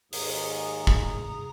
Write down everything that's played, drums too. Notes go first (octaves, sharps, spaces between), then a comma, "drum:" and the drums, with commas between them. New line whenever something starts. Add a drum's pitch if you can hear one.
D#2 G#2 G#4 A#5 D#6, drum: open hi-hat
drum: kick